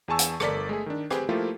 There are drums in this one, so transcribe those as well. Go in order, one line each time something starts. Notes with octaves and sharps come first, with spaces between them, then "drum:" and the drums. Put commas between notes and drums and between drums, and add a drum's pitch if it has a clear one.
E2 G#4 G#5 A5 C#6 E6
drum: hi-hat
G1 A4 A#4 D5 B6, drum: rim click
G#3 A3 G#4
D#3 D4
C4 G4 G#4 B4, drum: rim click
F3 A3 A#3 E4 F4 G4